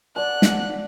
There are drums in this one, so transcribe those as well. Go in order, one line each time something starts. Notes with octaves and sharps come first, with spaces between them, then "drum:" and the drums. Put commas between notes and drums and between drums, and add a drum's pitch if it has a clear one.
D5 F#5 A5 F#6
drum: snare